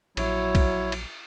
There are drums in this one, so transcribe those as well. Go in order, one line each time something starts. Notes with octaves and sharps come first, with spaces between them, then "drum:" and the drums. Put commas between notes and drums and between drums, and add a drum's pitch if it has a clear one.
A#1 F#3 E4 C#5, drum: cymbal
drum: kick, cymbal
drum: cymbal